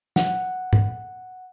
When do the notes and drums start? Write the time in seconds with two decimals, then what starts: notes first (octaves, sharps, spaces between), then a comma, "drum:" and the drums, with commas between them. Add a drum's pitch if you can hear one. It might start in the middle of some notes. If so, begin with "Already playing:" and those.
0.16 F#5, drum: snare
0.73 drum: tom